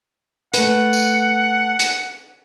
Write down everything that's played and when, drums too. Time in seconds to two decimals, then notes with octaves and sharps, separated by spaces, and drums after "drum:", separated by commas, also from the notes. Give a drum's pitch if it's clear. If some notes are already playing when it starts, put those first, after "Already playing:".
0.54 A3 B4 F#5, drum: hi-hat
0.93 drum: tambourine
1.79 drum: hi-hat